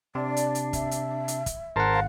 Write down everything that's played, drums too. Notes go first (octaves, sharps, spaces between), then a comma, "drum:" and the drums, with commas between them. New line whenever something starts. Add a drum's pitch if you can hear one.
C3 D4 D5
drum: hi-hat
drum: hi-hat
E5, drum: kick, hi-hat
drum: hi-hat
drum: hi-hat
drum: kick, hi-hat
G#1 A#4 C5 F#5 A5
F5